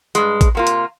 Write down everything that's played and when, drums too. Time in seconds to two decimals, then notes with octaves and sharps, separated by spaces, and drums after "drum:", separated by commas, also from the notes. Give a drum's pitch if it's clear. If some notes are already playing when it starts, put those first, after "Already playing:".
0.15 G2 G#3, drum: hi-hat
0.41 drum: kick A1, hi-hat
0.55 C3 A#3 F4
0.67 drum: hi-hat